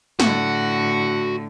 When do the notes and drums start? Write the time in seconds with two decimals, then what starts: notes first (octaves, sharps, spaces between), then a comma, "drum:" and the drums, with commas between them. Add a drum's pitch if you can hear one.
0.20 A2 D3 F#4, drum: snare